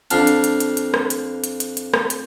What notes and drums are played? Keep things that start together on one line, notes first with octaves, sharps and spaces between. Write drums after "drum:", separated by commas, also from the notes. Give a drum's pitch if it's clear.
F2 D4 F5 A5, drum: hi-hat
drum: hi-hat
drum: hi-hat
drum: hi-hat
drum: hi-hat
drum: rim click
drum: hi-hat
drum: hi-hat
drum: hi-hat
drum: hi-hat
drum: rim click
drum: hi-hat